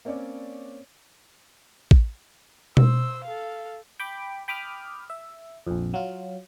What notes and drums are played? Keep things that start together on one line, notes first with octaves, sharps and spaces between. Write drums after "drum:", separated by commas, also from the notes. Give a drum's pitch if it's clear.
A#3 C4 C#4 C#5 D5
drum: kick A1
C5 E6, drum: tom B2
A4 F5
G5 B5 D6
G5 B5 D6 D#6 F6
E5
A#1 F2
F#3 F4